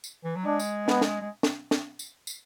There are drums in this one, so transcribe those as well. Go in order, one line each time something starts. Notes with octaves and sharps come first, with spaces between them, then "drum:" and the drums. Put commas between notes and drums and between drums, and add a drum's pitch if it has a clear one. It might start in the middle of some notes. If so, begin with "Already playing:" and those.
drum: tambourine
E3
F#3
G#3 D4
drum: tambourine
B3, drum: snare
drum: snare
G#3
drum: snare
drum: snare
drum: tambourine
drum: tambourine